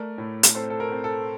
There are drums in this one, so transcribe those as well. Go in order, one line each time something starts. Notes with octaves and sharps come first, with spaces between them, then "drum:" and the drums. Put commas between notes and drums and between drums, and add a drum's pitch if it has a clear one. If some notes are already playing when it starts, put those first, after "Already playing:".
Already playing: A3 A#4 D5
A2
drum: hi-hat
C4 A4 C5
A4
A#4
C4
A4